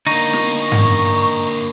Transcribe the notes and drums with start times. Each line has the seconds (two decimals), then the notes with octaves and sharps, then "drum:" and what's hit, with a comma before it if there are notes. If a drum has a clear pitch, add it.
0.07 D3 A#3 D#4 C#6
0.33 drum: snare
0.72 drum: tom G2